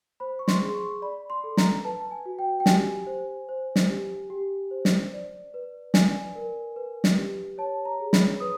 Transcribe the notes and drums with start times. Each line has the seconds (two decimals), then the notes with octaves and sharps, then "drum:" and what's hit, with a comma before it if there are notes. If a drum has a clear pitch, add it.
0.20 C5 B5
0.39 C#6
0.48 C6, drum: snare
0.61 G#4 C6
0.74 C#6
1.02 D5 B5
1.30 C6
1.44 A4
1.57 A#5, drum: snare
1.84 B4 A5
2.11 G#5
2.26 F#4
2.39 G5
2.60 G5
2.66 G4 G#5, drum: snare
3.07 C5
3.49 C5
3.76 drum: snare
3.89 G4
4.30 G4
4.71 C5
4.85 drum: snare
5.13 D5
5.54 B4
5.94 D5 G#5, drum: snare
6.35 A#4
6.76 B4
7.04 drum: snare
7.17 G4
7.58 C#5 A5
7.85 A#5
8.00 G#4
8.13 B5, drum: snare
8.40 B4 D#6